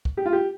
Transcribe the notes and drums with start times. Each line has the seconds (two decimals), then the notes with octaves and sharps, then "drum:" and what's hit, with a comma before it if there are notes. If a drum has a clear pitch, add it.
0.05 drum: kick C2
0.17 G4
0.26 F4
0.33 G4